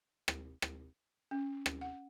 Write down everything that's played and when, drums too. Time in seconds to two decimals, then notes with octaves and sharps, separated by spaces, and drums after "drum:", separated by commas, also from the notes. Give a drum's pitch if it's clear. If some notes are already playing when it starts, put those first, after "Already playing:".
0.28 drum: rim click
0.62 drum: rim click
1.31 C#4
1.66 drum: rim click
1.81 F#5